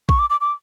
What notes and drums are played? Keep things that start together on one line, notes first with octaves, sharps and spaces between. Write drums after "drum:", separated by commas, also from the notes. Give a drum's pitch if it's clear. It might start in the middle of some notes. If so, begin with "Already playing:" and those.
C#6, drum: kick A#1
D6
D6
D6